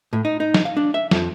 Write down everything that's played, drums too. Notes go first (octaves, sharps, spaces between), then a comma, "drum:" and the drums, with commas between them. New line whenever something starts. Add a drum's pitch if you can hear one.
A2
D#4
D#4
drum: snare
F5
D4
E5
F2, drum: snare